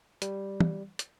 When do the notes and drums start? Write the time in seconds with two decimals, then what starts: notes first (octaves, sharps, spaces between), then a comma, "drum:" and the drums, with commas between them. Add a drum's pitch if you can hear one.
0.22 G3, drum: hi-hat
0.60 drum: tom
0.99 drum: hi-hat